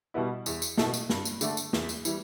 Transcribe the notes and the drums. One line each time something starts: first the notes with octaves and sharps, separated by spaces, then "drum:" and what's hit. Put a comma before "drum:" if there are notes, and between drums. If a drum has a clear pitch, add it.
B2 G3 B3 E4
E2, drum: tambourine
drum: tambourine
B2 A3 E4 A4, drum: snare
drum: tambourine
G2, drum: snare
drum: tambourine
D3 A3 D4, drum: tambourine
drum: tambourine
E2, drum: snare
drum: tambourine
E3 G3, drum: tambourine